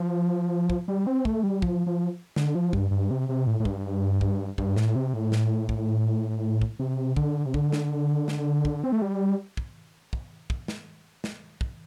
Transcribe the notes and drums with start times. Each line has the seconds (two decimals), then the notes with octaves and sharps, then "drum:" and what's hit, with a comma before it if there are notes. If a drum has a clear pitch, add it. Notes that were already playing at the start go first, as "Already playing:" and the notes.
Already playing: F3
0.70 drum: kick
0.88 G3
1.07 C4
1.25 A3, drum: kick
1.43 G3
1.62 F3, drum: kick
1.87 F3
2.36 D3, drum: snare
2.55 F3
2.73 G2, drum: kick
2.91 G2
3.11 C3
3.29 C3
3.47 A2
3.60 A2
3.65 G2, drum: kick
4.21 drum: kick
4.58 G2, drum: kick
4.76 A2, drum: snare
4.96 C3
5.14 A2
5.32 drum: snare
5.69 drum: kick
6.61 drum: kick
6.79 C3
7.16 D3, drum: kick
7.46 C3
7.54 D3, drum: kick
7.72 drum: snare
8.28 drum: snare
8.65 drum: kick
8.84 C4
8.92 A3
9.02 G3
9.57 drum: kick
10.13 drum: kick
10.50 drum: kick
10.68 drum: snare
11.24 drum: snare
11.61 drum: kick